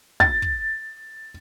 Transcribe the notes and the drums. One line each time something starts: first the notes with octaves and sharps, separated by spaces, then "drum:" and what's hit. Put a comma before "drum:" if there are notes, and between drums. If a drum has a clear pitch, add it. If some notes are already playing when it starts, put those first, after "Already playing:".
A6, drum: kick
drum: kick